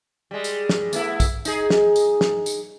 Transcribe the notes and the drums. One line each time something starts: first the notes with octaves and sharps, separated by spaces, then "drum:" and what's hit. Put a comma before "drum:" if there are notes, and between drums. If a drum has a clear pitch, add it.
G3 G#3
drum: tambourine
drum: snare
A3 B3 E4, drum: tambourine
drum: kick, tambourine
D#4 G#4, drum: tambourine
drum: snare
drum: tambourine
drum: snare
drum: tambourine